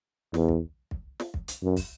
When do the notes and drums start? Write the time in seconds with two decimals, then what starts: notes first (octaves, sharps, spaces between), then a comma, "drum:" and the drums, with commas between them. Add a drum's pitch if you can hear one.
0.34 E2, drum: snare
0.49 drum: kick
0.91 drum: kick
1.20 drum: snare
1.34 drum: kick
1.48 drum: hi-hat
1.63 F#2
1.76 drum: kick, open hi-hat